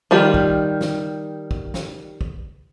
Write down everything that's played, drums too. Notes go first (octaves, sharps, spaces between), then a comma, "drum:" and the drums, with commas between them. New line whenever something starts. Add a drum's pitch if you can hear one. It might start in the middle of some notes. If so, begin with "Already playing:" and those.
D#3 G3 F4 G4
drum: kick
drum: snare
drum: kick
drum: snare
drum: kick